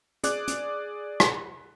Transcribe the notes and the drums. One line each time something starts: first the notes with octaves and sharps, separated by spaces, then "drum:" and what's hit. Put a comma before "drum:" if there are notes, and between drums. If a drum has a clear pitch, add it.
G#4 D5 D6 F#6, drum: hi-hat
drum: hi-hat
drum: rim click